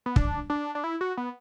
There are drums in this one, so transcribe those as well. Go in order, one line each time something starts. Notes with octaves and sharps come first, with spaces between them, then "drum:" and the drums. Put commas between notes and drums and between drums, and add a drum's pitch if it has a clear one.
B3
D4, drum: kick
D4
D4
E4
F#4
B3